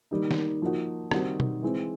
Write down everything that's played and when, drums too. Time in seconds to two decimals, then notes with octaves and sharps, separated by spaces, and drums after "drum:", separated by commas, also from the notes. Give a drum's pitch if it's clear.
0.11 D#3 G3 A#3 D#4
0.31 drum: snare
0.62 F3 A#3 D#4 F#4
1.11 D#3 G3 C4 D#4 F#4, drum: rim click
1.40 drum: tom B2
1.62 E3 G#3 C4